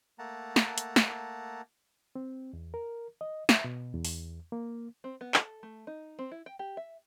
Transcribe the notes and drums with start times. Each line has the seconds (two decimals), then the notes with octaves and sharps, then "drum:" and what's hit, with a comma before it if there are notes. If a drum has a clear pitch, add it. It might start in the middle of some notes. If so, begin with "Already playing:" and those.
0.19 A3 A#3 F#5 A5 A#5
0.56 drum: snare
0.78 drum: hi-hat
0.96 drum: snare
2.16 C4
2.53 E2
2.74 A#4
3.21 D#5
3.49 E5, drum: snare
3.64 B2
3.94 E2
4.05 drum: open hi-hat
4.52 A#3
5.04 C4
5.21 B3
5.34 A4, drum: clap
5.63 A3
5.87 D#4
6.19 C4
6.32 E4
6.46 G5
6.59 G4
6.77 E5